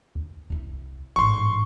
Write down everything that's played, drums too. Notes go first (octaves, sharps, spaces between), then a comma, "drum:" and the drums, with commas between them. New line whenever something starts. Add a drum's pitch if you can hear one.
drum: kick D2
C2 E4, drum: kick D2
A1 G#2 C6 C#6